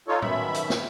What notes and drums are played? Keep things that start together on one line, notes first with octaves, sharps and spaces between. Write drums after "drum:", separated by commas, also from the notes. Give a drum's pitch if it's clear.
D#4 F4 A4 C#5
F#2 B2 D#3 E5 B5, drum: tom A2
drum: hi-hat
drum: snare